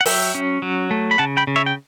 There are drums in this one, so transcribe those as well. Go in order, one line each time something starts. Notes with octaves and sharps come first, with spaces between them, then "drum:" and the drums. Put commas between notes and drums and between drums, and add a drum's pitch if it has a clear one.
F#5
F#3 E5 G5, drum: open hi-hat
C#4
F#3
A3
B5
C#3 F#5 A5
G5 B5
C#3
C#5 E5
G5